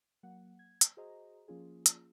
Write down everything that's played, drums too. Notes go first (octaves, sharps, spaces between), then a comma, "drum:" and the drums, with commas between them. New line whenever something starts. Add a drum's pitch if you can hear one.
F#3 A#3 F#5
G#6
drum: hi-hat
F#4 G#4 C5 D#5 A#5
F3 A#3 C#4 F4 G#4
drum: hi-hat